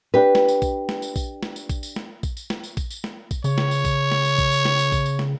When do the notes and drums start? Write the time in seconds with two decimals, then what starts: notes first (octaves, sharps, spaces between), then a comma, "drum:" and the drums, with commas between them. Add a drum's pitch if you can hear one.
0.14 D4 G4 B4
0.35 drum: snare
0.48 drum: tambourine
0.62 drum: kick A#1, tambourine
0.89 drum: snare
1.02 drum: tambourine
1.16 drum: kick A#1, tambourine
1.43 drum: snare
1.56 drum: tambourine
1.69 drum: kick A#1, tambourine
1.83 drum: tambourine
1.96 drum: snare
2.23 drum: kick A#1, tambourine
2.37 drum: tambourine
2.50 drum: snare
2.64 drum: tambourine
2.77 drum: kick A#1, tambourine
2.90 drum: tambourine
3.04 drum: snare
3.31 drum: kick A#1, tambourine
3.44 C#3 C#5, drum: tambourine
3.58 drum: snare
3.71 drum: tambourine
3.85 drum: kick A#1, tambourine
4.12 drum: snare
4.25 drum: tambourine
4.38 drum: kick A#1, tambourine
4.52 drum: tambourine
4.65 drum: snare
4.79 drum: tambourine
4.92 drum: kick A#1, tambourine
5.06 drum: tambourine
5.19 drum: snare